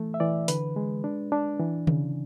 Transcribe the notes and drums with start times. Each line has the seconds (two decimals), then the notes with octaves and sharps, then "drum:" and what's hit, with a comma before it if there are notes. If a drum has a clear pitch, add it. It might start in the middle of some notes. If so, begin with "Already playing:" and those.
Already playing: E3 A3
0.14 E5
0.20 E3 D5
0.48 D3 B4, drum: hi-hat
0.76 G#3
1.04 D4
1.32 D4
1.59 E3
1.87 C#3, drum: tom D3